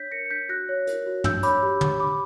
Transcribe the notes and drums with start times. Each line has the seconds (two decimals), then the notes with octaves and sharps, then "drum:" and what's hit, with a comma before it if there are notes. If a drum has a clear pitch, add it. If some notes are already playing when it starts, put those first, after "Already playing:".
Already playing: D4 C#5 G6 B6
0.11 A#4 A#6 C#7
0.26 C#7
0.31 D4 G6 B6
0.49 F#4 F#6 A#6
0.69 C#5
0.87 A#4, drum: hi-hat
1.06 F#4
1.24 D4 E6 G6, drum: tom
1.43 C#5 B5 D6, drum: hi-hat
1.63 G4
1.81 D4, drum: tom
2.00 D4 B5 D6